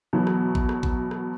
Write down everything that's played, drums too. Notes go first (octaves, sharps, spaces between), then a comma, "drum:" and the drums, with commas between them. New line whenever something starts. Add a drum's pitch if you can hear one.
B2 E3 F#3
drum: rim click
drum: kick A1
drum: rim click
drum: kick A1
drum: rim click